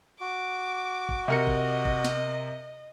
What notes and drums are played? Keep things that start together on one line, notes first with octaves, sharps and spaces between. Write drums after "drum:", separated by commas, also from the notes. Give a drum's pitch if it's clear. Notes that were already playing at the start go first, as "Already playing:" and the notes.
F#4 D6
drum: kick
C3 A#4 D#5 C#7
drum: kick
drum: kick
drum: snare